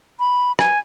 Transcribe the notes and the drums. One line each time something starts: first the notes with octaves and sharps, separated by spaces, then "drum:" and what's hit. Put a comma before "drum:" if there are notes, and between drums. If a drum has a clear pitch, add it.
B5
G#5, drum: rim click